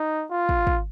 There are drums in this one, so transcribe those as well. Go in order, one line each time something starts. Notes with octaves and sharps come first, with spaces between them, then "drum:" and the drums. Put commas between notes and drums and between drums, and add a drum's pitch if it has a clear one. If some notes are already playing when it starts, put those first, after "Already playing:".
Already playing: D#4
F4
drum: kick
drum: kick